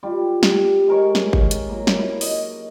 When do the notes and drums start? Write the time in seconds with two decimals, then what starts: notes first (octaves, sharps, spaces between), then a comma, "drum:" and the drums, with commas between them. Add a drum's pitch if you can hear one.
0.03 G3 F4 G4
0.43 drum: snare
0.88 G#3 A#4 C#5
1.15 drum: snare
1.33 drum: kick G#1
1.51 drum: hi-hat
1.69 F#3 A#3
1.87 drum: snare
1.98 E4
2.21 D#5, drum: open hi-hat